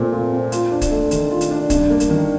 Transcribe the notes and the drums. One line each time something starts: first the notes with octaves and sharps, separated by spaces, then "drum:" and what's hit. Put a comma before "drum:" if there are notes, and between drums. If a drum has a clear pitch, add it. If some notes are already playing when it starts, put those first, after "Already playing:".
Already playing: A#2 A3 C4
F4
C4
F4, drum: hi-hat
D4
drum: kick, hi-hat
A3
D#3, drum: hi-hat
F4
drum: hi-hat
D4
G2, drum: kick, hi-hat
A#3
drum: hi-hat
D#3